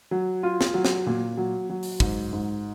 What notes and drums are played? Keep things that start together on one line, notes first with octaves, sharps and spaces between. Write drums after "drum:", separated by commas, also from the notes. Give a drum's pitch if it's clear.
F#3
F4
drum: snare
F#3
drum: snare
A#2
F#3
F#3
drum: open hi-hat
G#2, drum: kick
G#2